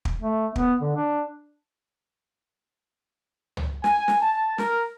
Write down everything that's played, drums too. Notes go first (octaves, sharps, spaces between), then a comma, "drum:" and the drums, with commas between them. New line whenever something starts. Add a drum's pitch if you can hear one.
drum: kick
A3
B3, drum: kick
D3
D4
drum: tom C#2
G#5, drum: snare
drum: snare
A5
A#4, drum: snare